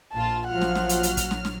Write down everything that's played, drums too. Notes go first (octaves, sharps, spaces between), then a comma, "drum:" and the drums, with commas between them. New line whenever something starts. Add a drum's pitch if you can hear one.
A#1 F4 A5
A#1 F3 F#3 F4 F#5 F6
drum: snare
drum: snare
drum: hi-hat
drum: hi-hat
drum: kick, hi-hat
drum: snare
drum: snare